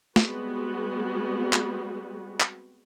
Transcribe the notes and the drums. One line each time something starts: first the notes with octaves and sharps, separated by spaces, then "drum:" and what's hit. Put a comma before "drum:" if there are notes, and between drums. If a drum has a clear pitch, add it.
G3 G#3 B3 C4 F#4, drum: snare
drum: clap
drum: clap